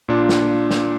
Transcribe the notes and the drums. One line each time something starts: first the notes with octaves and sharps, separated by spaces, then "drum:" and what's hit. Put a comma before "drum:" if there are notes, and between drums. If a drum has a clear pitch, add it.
A#2 D4 F4
drum: snare
drum: snare